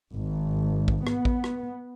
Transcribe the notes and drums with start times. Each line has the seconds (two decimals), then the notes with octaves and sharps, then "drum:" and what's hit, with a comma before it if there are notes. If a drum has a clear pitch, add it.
0.13 G#1
0.88 drum: kick A1
1.07 B3, drum: rim click
1.25 drum: kick A1
1.44 drum: rim click